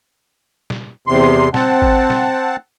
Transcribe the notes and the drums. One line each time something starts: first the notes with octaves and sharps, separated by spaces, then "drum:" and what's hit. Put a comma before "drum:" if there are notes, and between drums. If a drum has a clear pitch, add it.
drum: snare
E2 C3 C6
C4 F#5 A5, drum: snare
drum: kick G#1
drum: snare